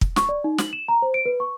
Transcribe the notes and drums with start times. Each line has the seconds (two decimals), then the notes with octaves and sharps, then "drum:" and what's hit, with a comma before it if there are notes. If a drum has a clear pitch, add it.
0.01 drum: kick
0.16 C#6, drum: snare
0.29 D5
0.44 D#4
0.58 F#7, drum: snare
0.73 E7
0.88 A#5
1.02 C5
1.14 D7
1.26 B4
1.40 C#6